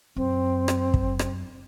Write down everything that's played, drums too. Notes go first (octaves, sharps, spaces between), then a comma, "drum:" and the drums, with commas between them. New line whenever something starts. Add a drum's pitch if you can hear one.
F#2 C4
drum: rim click
drum: kick
drum: rim click